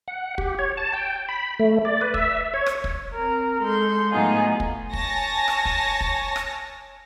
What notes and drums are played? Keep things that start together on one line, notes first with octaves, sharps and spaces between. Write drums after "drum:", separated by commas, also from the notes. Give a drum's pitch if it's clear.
F#5
G4, drum: kick
C#5
A5
G5
B5
A3
D5
B4
E5, drum: kick
C#5
drum: rim click
drum: kick
C4 A#4
G#3 A4 C6 G6
A2 F#3 B3 D#4 F4 G#4
drum: kick
C#5 G#5 A5 A#6, drum: kick
drum: rim click
drum: kick
drum: kick
drum: rim click